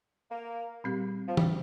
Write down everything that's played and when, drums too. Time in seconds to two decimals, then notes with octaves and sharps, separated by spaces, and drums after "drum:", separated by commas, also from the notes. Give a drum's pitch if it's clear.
0.31 A#3
0.84 A#2 G3 C4 G4
1.28 F3
1.37 G3, drum: tom